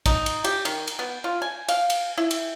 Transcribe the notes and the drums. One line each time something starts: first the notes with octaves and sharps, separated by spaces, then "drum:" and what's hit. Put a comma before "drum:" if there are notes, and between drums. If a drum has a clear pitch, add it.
D#4, drum: kick, cymbal
drum: cymbal
G4, drum: cymbal
D#3, drum: cymbal
drum: cymbal
B3
F4
G#5
F5, drum: cymbal
drum: cymbal
E4
drum: cymbal